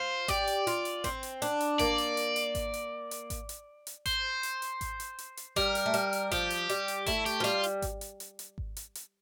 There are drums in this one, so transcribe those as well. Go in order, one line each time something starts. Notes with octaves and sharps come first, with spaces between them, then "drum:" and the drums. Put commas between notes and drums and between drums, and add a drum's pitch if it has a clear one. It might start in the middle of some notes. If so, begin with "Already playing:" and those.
Already playing: F4 C5
G4 D5, drum: kick G#1, hi-hat
drum: hi-hat
F4, drum: hi-hat
drum: hi-hat
C4, drum: kick G#1, hi-hat
drum: hi-hat
D4, drum: hi-hat
drum: hi-hat
A#3 D5, drum: kick G#1, hi-hat
drum: hi-hat
drum: hi-hat
drum: hi-hat
drum: kick G#1, hi-hat
drum: hi-hat
drum: hi-hat
drum: kick G#1, hi-hat
drum: hi-hat
drum: hi-hat
C5, drum: kick G#1, hi-hat
drum: hi-hat
drum: hi-hat
drum: kick G#1, hi-hat
drum: hi-hat
drum: hi-hat
drum: hi-hat
G3 A#4, drum: kick G#1, hi-hat
drum: hi-hat
A3
G3, drum: hi-hat
drum: hi-hat
F3 G4, drum: kick G#1, hi-hat
drum: hi-hat
G3, drum: hi-hat
drum: hi-hat
A3 E4, drum: kick G#1, hi-hat
G4, drum: hi-hat
F3
G3 F4, drum: hi-hat
drum: hi-hat
drum: kick G#1, hi-hat
drum: hi-hat
drum: hi-hat
drum: hi-hat
drum: kick G#1
drum: hi-hat
drum: hi-hat